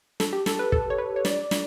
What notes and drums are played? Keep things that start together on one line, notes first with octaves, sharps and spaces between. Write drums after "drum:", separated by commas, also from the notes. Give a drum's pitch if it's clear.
A4, drum: snare
G4
A4, drum: snare
B4
A4, drum: kick
C#5
B4
C#5
D5, drum: snare
drum: snare